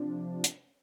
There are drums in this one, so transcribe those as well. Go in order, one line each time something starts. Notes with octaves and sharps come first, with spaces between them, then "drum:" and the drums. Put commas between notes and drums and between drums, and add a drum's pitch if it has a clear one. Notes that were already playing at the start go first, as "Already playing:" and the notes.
Already playing: C3 F3 D4
drum: hi-hat